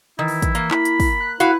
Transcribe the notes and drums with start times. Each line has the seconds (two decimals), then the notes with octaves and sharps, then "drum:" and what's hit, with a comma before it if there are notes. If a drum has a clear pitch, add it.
0.19 D#3 E3 E4
0.28 drum: open hi-hat
0.42 drum: kick, hi-hat
0.55 A#3, drum: hi-hat
0.71 E4 B5, drum: clap
0.85 drum: hi-hat
1.00 drum: kick, open hi-hat
1.21 F#6
1.40 E4 F#4 B4 F5, drum: hi-hat